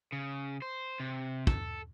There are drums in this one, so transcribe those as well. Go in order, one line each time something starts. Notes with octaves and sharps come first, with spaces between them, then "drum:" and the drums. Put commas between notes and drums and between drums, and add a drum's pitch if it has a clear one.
C#3
C5
C3
A4, drum: kick